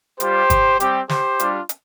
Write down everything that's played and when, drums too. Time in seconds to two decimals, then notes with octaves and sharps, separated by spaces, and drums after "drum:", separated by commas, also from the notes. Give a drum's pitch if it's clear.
0.20 G3 F4 G4 C5, drum: hi-hat
0.50 drum: kick, hi-hat
0.80 G3 C4 G4, drum: hi-hat
1.09 G4 C5, drum: snare
1.39 G3 D4 F4, drum: hi-hat
1.69 drum: hi-hat